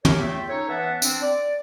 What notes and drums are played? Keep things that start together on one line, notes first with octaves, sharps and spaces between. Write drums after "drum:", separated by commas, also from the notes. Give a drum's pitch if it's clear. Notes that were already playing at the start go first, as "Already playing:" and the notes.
G4 A#4 C#5, drum: tom
E2 A3 F4 E5 G5
C#4 D#4 A4 C#5
E3 B3 B4 E5 F#5 A5
C4 D4, drum: tambourine
D5